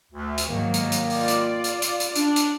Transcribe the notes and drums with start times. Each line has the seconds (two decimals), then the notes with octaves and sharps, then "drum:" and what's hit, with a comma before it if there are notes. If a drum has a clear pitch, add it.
0.12 D2
0.38 drum: hi-hat
0.48 G#2 D#3 F#3 A#3
0.74 drum: hi-hat
0.92 drum: hi-hat
1.10 F4 D5, drum: open hi-hat
1.28 drum: hi-hat
1.64 drum: hi-hat
1.82 drum: hi-hat
2.00 drum: hi-hat
2.16 D4, drum: hi-hat
2.36 drum: hi-hat